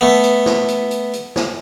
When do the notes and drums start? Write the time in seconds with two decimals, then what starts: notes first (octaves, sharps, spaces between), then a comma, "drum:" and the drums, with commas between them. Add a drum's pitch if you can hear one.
0.01 A3 B3
0.23 drum: hi-hat
0.46 drum: snare
0.68 drum: hi-hat
0.91 drum: hi-hat
1.13 drum: hi-hat
1.36 drum: snare